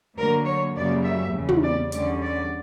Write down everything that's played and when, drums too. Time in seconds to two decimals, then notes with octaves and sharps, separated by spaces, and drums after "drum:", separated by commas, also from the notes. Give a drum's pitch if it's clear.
0.17 D3 F#3 A#3 A#4
0.47 C#5
0.75 F#2 C#3 G3 A#3 D5
1.04 E5
1.33 E2 C#3 G3
1.48 drum: tom
1.63 D5
1.92 E2 D3 G3 C#4 D5, drum: hi-hat
2.21 D5